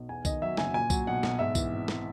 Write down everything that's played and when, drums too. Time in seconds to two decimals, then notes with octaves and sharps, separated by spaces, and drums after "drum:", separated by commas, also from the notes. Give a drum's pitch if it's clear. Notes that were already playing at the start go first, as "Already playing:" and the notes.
Already playing: B1
0.09 E2 G#5
0.25 D#3 D#5, drum: kick B1, tambourine
0.42 F#3 E5
0.57 F#1 G#5, drum: snare
0.74 A#2 G#5
0.90 F#3, drum: kick B1, tambourine
1.07 B1 F#5
1.23 B1, drum: snare
1.39 G#2 E5
1.55 E3, drum: kick B1, tambourine
1.73 G#1
1.88 drum: snare